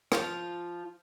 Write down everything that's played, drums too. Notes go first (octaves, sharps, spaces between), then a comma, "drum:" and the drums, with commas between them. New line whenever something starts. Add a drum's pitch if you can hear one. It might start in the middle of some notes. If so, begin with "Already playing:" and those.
F3 F4, drum: rim click